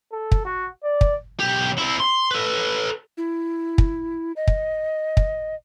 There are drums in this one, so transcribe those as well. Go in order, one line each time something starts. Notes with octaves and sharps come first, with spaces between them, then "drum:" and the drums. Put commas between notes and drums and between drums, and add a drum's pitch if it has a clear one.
A4
drum: kick
F#4
D5
drum: kick
B1 G4
C4 E4
C6
A4 B4
E4
drum: kick
D#5
drum: kick
drum: kick